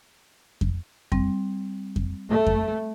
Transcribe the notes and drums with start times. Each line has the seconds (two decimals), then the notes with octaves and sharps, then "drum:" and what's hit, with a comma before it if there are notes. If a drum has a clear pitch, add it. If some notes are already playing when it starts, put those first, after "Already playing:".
0.61 drum: kick F2
1.12 G3 C4, drum: kick F2
1.96 drum: kick F2
2.30 A3
2.46 drum: kick F2